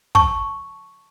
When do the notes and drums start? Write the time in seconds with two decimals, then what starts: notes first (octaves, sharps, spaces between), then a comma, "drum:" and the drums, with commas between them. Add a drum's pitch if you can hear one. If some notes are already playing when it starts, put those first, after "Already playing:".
0.15 A5 C#6, drum: kick